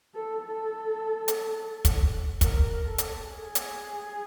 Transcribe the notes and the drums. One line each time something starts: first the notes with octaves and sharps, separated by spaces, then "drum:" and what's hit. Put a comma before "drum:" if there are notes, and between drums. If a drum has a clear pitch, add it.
A4
A4
drum: hi-hat
drum: kick, hi-hat
A#4, drum: kick, hi-hat
A4
drum: hi-hat
G#4
drum: hi-hat